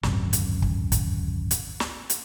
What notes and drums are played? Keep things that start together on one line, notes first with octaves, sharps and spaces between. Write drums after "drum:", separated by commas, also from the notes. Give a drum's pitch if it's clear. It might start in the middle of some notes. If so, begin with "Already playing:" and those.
D1 G#1 F#2 C3, drum: snare
drum: hi-hat
drum: kick
drum: kick, hi-hat
drum: hi-hat
drum: snare
drum: hi-hat